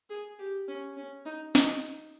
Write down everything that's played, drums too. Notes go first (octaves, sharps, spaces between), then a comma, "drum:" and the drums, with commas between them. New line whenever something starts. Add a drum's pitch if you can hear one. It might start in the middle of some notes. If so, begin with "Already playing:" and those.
G#4
G4
C#4
C#4
D#4
D#4, drum: snare